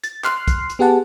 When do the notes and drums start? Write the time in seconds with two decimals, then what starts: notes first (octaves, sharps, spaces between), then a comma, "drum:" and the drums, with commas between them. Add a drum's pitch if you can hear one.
0.04 A6, drum: hi-hat
0.24 C6 F6 F#6 C7, drum: clap
0.48 drum: kick B1, hi-hat
0.70 drum: hi-hat
0.79 B3 G4 G#4 F#5 A5